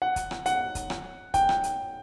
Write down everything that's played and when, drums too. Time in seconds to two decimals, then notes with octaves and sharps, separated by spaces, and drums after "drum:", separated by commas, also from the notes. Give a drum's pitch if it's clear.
0.02 F#5
0.16 drum: kick, hi-hat
0.31 drum: rim click
0.46 F#5, drum: hi-hat
0.75 drum: kick, hi-hat
0.90 drum: rim click
1.34 G5, drum: kick, hi-hat
1.49 drum: rim click
1.64 drum: hi-hat